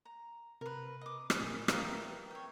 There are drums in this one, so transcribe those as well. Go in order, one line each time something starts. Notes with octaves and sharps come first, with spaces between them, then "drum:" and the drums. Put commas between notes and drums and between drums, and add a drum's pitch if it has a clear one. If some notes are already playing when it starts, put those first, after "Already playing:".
A#5
C3 A#4 B4
D#5 D6
drum: rim click
A#2 G#4 A#4
G4 A#4 B4 E5 F5 A#5, drum: rim click
C#5 G5